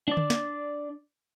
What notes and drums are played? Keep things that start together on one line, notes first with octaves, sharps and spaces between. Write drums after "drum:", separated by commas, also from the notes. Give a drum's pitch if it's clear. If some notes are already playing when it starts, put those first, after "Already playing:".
D4 D5
drum: tom D3
drum: snare